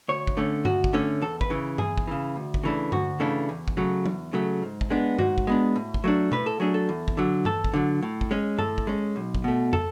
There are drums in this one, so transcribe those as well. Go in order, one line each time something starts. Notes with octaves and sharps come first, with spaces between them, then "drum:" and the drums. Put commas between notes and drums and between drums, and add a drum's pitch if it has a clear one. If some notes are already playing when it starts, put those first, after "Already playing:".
D2 C#5
drum: kick
D3 A3 C#4
D2 F#4, drum: tom G2
drum: kick
D3 A3 C#4
E2 A4
B4, drum: kick
C#3 E3
E2 G#4, drum: tom G2
drum: kick
C#3 E3
D2
drum: kick
C#3 E3 A3 D4
D2 F#4, drum: tom G2
C#3 E3 A3 D4
E2
drum: kick
C#3 F#3 A3
E2, drum: tom F#3
C#3 F#3 A3
G#2
drum: kick
G#3 B3 D4
G#2 F#4, drum: tom G2
drum: kick
G#3 B3 D4
A2
drum: kick
F#3 A3 D4
A2 B4, drum: tom B2
A4
F#3 A3 D4 G#4
A4
E2
drum: kick
D3 F#3
E2 A4, drum: tom G2
drum: kick
D3 F#3
A2
drum: kick
G#3 C#4
A2 A4, drum: tom G2
drum: kick
G#3 C#4
B1
drum: kick
B2 A3
A4, drum: tom